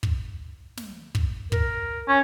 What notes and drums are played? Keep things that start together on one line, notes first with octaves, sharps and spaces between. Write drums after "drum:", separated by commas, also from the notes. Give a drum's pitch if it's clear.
drum: kick
drum: snare
drum: kick
A#4, drum: kick
C#4